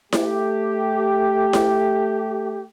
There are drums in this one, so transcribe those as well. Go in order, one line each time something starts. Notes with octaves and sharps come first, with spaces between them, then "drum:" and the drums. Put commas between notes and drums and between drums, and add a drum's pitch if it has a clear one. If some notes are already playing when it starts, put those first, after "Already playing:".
A3 G4, drum: snare E4
drum: snare E4